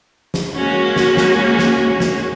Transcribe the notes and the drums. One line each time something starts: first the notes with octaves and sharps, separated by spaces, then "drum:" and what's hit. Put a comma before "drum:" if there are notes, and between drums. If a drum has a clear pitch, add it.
drum: snare
G#3 A#3 C#4 F#4
drum: snare
drum: snare
drum: snare
drum: snare